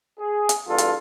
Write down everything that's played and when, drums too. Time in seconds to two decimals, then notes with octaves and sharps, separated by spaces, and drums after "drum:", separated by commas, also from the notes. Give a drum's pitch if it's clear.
0.20 G#4
0.49 drum: hi-hat
0.67 E2 G2 F4 A4
0.78 drum: hi-hat